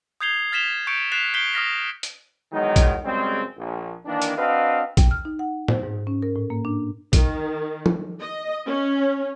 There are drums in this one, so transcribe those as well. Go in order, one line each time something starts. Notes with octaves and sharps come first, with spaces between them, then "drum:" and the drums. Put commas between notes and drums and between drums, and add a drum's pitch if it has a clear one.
D#6 G6 G#6 C7 F7 G7
F6 A6 B6 E7 F7 G7
C#6 G6 C#7 D7
F#6 A6 B6 C7 E7 F7
G6 B6 C7 D7 G7
D#6 F6 A#6 B6
drum: hi-hat
D#3 E3 F#3 G#3 B3 D#4
drum: kick, hi-hat
F#2 C#3 G3 G#3 C4
A#1
D#3 E3 A#3 D4
drum: hi-hat
C4 D4 F#4 B4 D#5 F5
G5, drum: kick, hi-hat
F6
D#4
F#5
C5, drum: tom
G#2
C#4
A#4
A2
A#3
D4
D#3, drum: kick, hi-hat
drum: tom
D#5
C#4